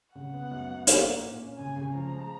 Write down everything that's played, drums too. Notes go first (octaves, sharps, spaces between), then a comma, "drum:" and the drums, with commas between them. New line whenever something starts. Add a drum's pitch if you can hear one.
C#3 F#5
B3
F#2
B3
A#3, drum: hi-hat
A#3
A#2
C#4
C#3 G#5
C#3
F3 A#5
G#3